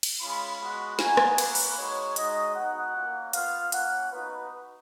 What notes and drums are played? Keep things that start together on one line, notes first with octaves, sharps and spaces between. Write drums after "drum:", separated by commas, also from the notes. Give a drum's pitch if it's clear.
drum: cymbal
G#3 C#4 F4 B5
G#3 B3 F#4
B3 D#4 F#4 G#5, drum: snare
drum: rim click
A#3 C#4 F#4 B4, drum: cymbal
drum: open hi-hat
G#3 D#4 F#4 C#5
G#3 D#4 F#4 D#5, drum: hi-hat
B3 D#4 F#4 F#5
A#3 C#4 F4
B3 F4 F5, drum: hi-hat
A#3 C#4 F4 F#5, drum: hi-hat
B3 D#4 F#4 B4